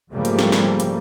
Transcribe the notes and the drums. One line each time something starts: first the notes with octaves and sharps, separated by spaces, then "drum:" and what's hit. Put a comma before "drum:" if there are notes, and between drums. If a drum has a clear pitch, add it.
G#2 C#3 F3 G3 A3 A#3
drum: hi-hat
drum: snare
drum: snare
drum: hi-hat